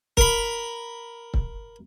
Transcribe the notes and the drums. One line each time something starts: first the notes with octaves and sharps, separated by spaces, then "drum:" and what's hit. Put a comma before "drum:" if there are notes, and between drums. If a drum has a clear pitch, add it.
A#4 B5, drum: kick C#1
drum: kick C#1